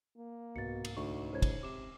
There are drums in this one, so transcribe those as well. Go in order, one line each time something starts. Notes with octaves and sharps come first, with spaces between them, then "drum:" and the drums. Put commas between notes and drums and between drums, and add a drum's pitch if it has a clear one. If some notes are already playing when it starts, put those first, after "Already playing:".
A#3
C2 G#2 B2 A6 C#7
drum: cymbal
D2 D#4 C#6
C#2 C5 C#5 G#6
drum: kick, cymbal
C3 D6 E7